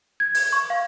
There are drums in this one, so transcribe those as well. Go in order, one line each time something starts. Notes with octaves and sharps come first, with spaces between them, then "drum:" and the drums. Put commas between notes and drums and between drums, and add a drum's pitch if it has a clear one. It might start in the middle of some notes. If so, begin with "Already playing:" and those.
G#6
G#6, drum: open hi-hat
C#6
F5